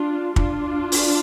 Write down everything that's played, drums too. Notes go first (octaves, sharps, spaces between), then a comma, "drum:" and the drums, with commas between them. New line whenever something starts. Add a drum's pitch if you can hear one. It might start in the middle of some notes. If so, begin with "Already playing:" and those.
Already playing: D4 F4
D4 F4, drum: kick
drum: open hi-hat